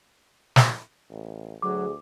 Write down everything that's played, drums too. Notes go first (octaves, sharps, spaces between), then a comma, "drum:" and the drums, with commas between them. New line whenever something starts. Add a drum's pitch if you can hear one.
drum: snare
A1
D2 F#3 G#4 D6